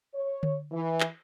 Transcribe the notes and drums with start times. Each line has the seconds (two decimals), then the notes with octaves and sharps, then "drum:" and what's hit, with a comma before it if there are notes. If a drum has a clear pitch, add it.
0.14 C#5
0.43 drum: tom D3
0.71 E3
1.00 drum: clap